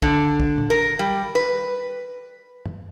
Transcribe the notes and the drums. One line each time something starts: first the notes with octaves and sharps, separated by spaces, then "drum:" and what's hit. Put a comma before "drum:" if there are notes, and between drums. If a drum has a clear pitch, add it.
D3, drum: kick
drum: kick
drum: tom
A#4
G3
B4
drum: tom